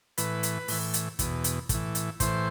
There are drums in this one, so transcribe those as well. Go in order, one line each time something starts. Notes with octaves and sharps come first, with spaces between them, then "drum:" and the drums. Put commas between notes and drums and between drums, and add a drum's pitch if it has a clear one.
A2 E3 B4, drum: hi-hat
drum: hi-hat
A2 E3, drum: open hi-hat
drum: hi-hat
E2 B2, drum: kick, hi-hat
drum: hi-hat
A2 E3, drum: kick, hi-hat
drum: hi-hat
A2 E3 C5, drum: kick, hi-hat